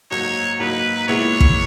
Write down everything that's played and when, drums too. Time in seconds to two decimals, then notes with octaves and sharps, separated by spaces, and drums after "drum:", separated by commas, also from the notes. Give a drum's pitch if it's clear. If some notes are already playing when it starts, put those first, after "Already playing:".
0.11 G#2 F#3 A#3 D#4 C#5
0.59 G#2 F#3 A#3 D#4 B4
1.08 A#2 G#3 B3 E4 C#5
1.40 drum: kick